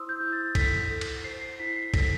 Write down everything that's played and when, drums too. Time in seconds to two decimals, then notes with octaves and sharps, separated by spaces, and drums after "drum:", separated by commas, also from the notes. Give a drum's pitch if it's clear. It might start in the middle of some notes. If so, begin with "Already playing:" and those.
Already playing: E4 C5 C6 D#6 E6
0.09 G6
0.20 E4
0.32 A6
0.55 A4 B6, drum: kick, cymbal
0.90 A4
1.01 drum: cymbal
1.24 C5 C7
1.41 C7
1.59 E4 B6
1.76 C7
1.94 A4 B6, drum: kick, cymbal